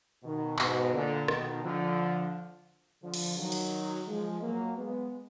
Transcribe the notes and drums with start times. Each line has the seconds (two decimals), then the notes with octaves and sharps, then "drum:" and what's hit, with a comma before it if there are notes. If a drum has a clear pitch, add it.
0.23 B2 D#3
0.59 G#2 B2, drum: clap
0.93 A#2 D3
1.28 B2 D#3, drum: rim click
1.63 D3 F3
3.03 D3 F3
3.14 drum: cymbal
3.38 D#3 F#3
3.52 drum: cymbal
4.07 F3 G#3
4.42 F#3 A#3
4.77 G#3 B3